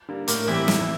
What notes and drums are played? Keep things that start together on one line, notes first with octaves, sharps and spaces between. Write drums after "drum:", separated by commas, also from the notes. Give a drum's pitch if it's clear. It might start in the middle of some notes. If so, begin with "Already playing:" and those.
D3 G3 A#3
A2 A#3 A#4, drum: hi-hat
E3 G3 C4 E4 G4 E5
E2, drum: snare